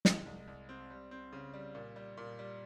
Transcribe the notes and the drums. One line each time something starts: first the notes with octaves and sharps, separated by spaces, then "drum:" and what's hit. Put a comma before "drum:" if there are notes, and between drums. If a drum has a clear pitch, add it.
G#3, drum: snare
C2
C2
C4
G3
C4
C#3
G3
A#2
G3
A#2
G3